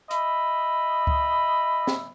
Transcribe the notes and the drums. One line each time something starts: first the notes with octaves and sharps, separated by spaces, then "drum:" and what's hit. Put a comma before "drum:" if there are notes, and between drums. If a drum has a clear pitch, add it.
D#5 E5 B5, drum: hi-hat
drum: kick C#2
drum: snare